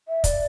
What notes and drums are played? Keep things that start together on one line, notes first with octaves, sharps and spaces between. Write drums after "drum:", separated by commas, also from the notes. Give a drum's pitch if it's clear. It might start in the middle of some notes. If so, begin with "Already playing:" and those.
E5
D5, drum: kick, hi-hat